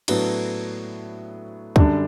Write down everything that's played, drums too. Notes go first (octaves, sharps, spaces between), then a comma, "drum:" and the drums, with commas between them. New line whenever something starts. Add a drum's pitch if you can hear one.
A2 F#3 B3 D4, drum: cymbal
F#2 D3 G3 D4, drum: kick